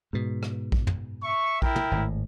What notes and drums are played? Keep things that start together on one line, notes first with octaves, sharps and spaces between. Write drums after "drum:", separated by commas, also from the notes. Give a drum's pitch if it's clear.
G#2 B2
drum: rim click
drum: kick A#1
drum: tom
E5 C#6
E4 A#4 G5, drum: kick A#1
drum: tom
G#1 A2